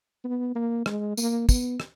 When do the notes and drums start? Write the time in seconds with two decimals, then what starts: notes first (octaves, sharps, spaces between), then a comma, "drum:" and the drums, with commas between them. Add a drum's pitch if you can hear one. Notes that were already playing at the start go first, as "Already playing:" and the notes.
0.24 B3
0.55 A#3
0.86 G#3, drum: rim click
1.17 A#3, drum: tambourine
1.49 B3, drum: kick, tambourine
1.80 drum: rim click